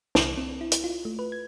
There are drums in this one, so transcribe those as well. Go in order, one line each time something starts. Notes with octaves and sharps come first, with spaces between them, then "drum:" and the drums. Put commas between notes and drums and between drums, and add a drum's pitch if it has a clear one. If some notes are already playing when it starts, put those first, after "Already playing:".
C2, drum: snare
C4
E4
drum: hi-hat
F4
A3
B4
G#6